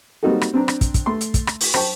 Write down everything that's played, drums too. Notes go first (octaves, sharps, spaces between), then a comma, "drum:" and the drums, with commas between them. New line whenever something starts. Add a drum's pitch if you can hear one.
G3 A#3 C4 D#4 F#4 A4
drum: rim click
C4 D4 A#5
drum: rim click
drum: kick, hi-hat
drum: kick, hi-hat
A3 C6
drum: hi-hat
drum: kick, hi-hat
drum: rim click
drum: open hi-hat
C5 G5 A5 C#6, drum: rim click